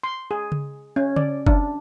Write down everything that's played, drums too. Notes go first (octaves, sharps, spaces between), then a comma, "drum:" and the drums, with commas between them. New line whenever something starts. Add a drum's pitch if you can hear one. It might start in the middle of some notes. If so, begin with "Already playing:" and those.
C6
G#4
drum: tom C#3
C#4
D5, drum: tom C#3
D4, drum: kick F#1